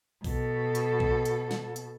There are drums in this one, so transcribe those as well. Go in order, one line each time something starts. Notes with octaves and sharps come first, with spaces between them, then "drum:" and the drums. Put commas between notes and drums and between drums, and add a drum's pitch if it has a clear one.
B2 A4, drum: kick A#1, open hi-hat
drum: hi-hat
drum: kick A#1
drum: hi-hat
drum: snare
drum: hi-hat